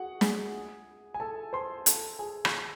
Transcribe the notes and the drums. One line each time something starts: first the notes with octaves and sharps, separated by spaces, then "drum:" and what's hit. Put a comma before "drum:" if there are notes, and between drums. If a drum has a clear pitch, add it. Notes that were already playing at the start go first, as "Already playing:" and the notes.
Already playing: F#4 G#4 F#5
G#4 G#5, drum: snare
G#5
A4 A5
C5 C6
A4 A5, drum: hi-hat
G#4 G#5
drum: rim click